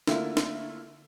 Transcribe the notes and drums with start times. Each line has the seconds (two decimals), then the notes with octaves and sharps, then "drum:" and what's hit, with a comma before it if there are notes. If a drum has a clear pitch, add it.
0.07 D3 A3 A#3 E4 F4, drum: snare
0.37 drum: snare